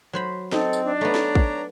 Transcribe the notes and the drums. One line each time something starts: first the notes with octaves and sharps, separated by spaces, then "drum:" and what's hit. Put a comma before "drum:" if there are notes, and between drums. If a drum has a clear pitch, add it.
F#3 C5 B5
C4 D#4 A4, drum: snare
drum: tambourine
D4
A3 B3 C#5 A#5
drum: snare
drum: kick